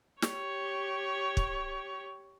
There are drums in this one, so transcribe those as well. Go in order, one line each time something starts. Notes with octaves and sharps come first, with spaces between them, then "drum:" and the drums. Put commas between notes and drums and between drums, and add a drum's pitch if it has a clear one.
G4 C#5, drum: snare
drum: kick